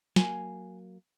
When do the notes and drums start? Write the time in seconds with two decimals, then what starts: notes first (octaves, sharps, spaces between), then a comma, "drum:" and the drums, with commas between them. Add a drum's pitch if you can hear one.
0.16 F#3 A#3 G#5, drum: snare